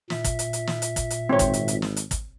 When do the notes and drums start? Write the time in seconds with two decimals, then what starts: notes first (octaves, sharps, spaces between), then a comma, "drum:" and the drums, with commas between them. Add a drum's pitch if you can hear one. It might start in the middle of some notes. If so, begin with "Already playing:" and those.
0.10 A#2 E5, drum: snare
0.24 drum: kick, hi-hat
0.39 drum: hi-hat
0.53 drum: hi-hat
0.67 drum: snare
0.82 drum: hi-hat
0.96 drum: kick, hi-hat
1.10 drum: hi-hat
1.29 G#1 C4 C#5
1.39 drum: kick, hi-hat
1.53 drum: hi-hat
1.68 drum: hi-hat
1.82 drum: snare
1.96 drum: hi-hat
2.11 drum: kick, hi-hat